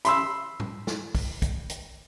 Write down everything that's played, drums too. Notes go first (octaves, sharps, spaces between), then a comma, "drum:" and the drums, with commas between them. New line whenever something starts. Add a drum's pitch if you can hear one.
B5 C6 E6, drum: hi-hat
drum: tom G#2
drum: snare
drum: kick, open hi-hat
drum: kick, hi-hat
drum: hi-hat